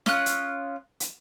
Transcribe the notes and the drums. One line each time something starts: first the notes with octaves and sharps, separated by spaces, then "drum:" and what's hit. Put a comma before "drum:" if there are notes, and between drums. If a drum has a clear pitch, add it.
C#4 F4 D#6 F#6, drum: snare
drum: hi-hat
drum: hi-hat